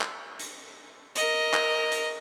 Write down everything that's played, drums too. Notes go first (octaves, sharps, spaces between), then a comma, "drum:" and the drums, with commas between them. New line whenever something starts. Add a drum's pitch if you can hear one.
drum: clap
drum: hi-hat
A#4 D#5, drum: hi-hat
drum: clap
drum: hi-hat